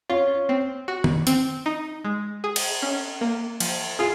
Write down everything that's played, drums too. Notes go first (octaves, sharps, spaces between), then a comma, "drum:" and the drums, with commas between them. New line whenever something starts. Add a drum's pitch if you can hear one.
C#4 F4
C4
F#4
drum: tom D#3
C4, drum: hi-hat
D#4
G#3
G#4
drum: cymbal
C#4
A#3
F3, drum: cymbal
F4 G#4